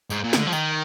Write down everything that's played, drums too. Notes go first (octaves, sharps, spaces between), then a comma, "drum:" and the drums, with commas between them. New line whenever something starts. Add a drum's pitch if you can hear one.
G#2, drum: tambourine
A#2
D#3, drum: snare
D3
F3
D#3, drum: tambourine